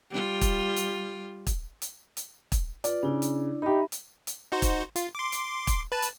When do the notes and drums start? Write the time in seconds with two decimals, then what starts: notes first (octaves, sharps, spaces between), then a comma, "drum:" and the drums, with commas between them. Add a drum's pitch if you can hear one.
0.11 G3 F4
0.41 drum: kick, hi-hat
0.76 drum: hi-hat
1.47 drum: kick, hi-hat
1.82 drum: hi-hat
2.17 drum: hi-hat
2.52 drum: kick, hi-hat
2.84 F4 B4 D5, drum: hi-hat
3.03 C#3 D4 E4 D5
3.22 drum: hi-hat
3.62 D#4 G4 E5 B5
3.92 drum: hi-hat
4.27 drum: hi-hat
4.52 D#4 F#4 C5
4.62 drum: kick, hi-hat
4.96 F4, drum: hi-hat
5.15 C6 D6
5.32 drum: hi-hat
5.67 drum: kick, hi-hat
5.92 B4 A5
6.02 drum: hi-hat